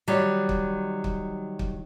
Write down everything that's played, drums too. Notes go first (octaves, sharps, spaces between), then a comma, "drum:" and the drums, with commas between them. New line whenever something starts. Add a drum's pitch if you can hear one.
D#3 F#3 G3
drum: kick
drum: kick
drum: kick